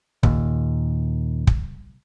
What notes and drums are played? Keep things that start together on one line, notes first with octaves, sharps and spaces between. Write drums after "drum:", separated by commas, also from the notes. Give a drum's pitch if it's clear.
D#2 A#2, drum: kick
drum: kick